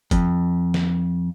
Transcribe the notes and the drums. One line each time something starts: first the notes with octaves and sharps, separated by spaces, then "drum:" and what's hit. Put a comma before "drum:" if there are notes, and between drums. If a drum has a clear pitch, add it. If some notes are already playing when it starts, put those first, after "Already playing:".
F2, drum: kick, hi-hat
drum: snare